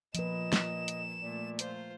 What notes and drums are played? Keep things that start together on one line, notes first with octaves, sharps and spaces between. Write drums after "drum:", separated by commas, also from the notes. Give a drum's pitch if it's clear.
A#2 F3 B4 D#5 E7, drum: hi-hat
drum: snare
drum: hi-hat
A#2 A3 D5
F4 C5, drum: hi-hat